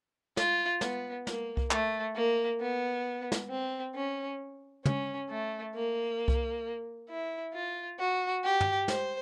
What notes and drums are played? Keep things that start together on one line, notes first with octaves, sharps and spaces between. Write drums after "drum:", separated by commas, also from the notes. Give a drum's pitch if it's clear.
F4, drum: snare
B3, drum: snare
A#3, drum: snare
drum: kick C2
A3, drum: clap
A#3
B3
drum: snare
C4
C#4
C#4, drum: tom
A3
A#3
drum: kick C2
E4
F4
F#4
G4
drum: tom
C5, drum: snare